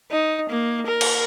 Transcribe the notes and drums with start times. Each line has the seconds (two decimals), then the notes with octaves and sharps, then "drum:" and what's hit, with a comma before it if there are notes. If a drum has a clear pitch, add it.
0.11 D#4
0.50 A#3
0.87 A#4
1.01 drum: cymbal